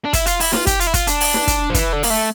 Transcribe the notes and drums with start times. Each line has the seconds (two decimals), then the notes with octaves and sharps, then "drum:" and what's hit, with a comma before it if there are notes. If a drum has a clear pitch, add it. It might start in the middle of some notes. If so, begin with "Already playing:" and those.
0.05 D4
0.13 E4, drum: kick, hi-hat
0.26 F4, drum: hi-hat
0.40 E4, drum: open hi-hat
0.53 F4, drum: snare
0.67 G4, drum: kick, hi-hat
0.80 F4, drum: hi-hat
0.87 E4
0.94 F4, drum: kick, hi-hat
1.07 D4, drum: hi-hat
1.21 drum: open hi-hat
1.34 drum: snare
1.47 drum: kick, hi-hat
1.70 F3
1.74 E3, drum: kick, hi-hat
1.93 D3
2.03 A#3, drum: open hi-hat
2.10 A3